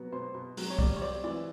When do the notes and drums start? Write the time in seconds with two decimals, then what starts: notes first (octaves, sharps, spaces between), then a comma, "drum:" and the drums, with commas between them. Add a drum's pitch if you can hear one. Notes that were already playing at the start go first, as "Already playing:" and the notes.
Already playing: B2 F#3 B3
0.12 B2 C5
0.35 B2
0.57 F#3, drum: open hi-hat
0.70 C#5
0.79 G3 D5, drum: kick C2
0.97 C#5
1.01 C4 D5
1.24 E3 D5